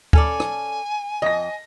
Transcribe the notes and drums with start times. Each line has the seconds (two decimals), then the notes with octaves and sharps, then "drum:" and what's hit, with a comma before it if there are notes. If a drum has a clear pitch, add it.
0.13 C#4 A4 D5 G#5, drum: kick D2
0.40 drum: rim click
1.22 F2 D#5 A#6